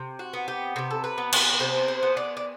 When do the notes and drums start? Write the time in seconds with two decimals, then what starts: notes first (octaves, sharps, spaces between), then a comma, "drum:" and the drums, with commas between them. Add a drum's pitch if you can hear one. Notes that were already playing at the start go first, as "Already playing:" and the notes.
Already playing: C3
0.19 F#4
0.33 B3
0.48 G4
0.76 C3 G4
0.91 A4
1.04 B4
1.18 B3
1.32 B4, drum: cymbal
1.53 B4
1.60 C3 C5
1.88 C5
2.03 B3
2.17 D5
2.37 D5